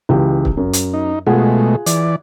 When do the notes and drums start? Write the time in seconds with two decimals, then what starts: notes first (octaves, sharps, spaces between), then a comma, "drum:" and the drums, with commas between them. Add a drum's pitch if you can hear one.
0.09 C#2 E3 G4
0.45 drum: kick
0.57 F#2
0.73 drum: hi-hat
0.93 D#4
1.27 B2 G#3 A3 F4 G#4 F#5
1.86 E3 D5, drum: hi-hat